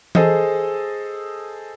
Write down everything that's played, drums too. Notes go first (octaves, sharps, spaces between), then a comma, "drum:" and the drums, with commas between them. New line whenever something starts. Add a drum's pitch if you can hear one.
G#4 A4 C5 D#5, drum: tom E3